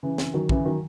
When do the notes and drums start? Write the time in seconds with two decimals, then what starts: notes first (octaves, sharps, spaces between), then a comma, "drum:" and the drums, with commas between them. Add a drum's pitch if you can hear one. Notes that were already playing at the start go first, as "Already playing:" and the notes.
0.03 C#3 E3
0.18 drum: snare
0.34 D#3 F#3
0.49 C#3 E3, drum: kick
0.65 D#3 F#3